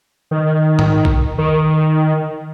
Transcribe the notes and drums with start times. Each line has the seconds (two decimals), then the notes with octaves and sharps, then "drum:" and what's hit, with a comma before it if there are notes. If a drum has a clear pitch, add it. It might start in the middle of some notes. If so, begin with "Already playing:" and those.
0.31 D#3
0.79 drum: tom G#2
1.05 drum: kick
1.38 D#3